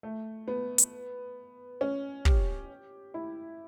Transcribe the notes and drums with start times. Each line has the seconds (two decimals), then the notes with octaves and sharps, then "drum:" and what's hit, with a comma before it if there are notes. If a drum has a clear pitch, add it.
0.03 A3
0.48 B3
0.78 drum: hi-hat
1.81 C#4
2.25 G4, drum: kick
3.14 E4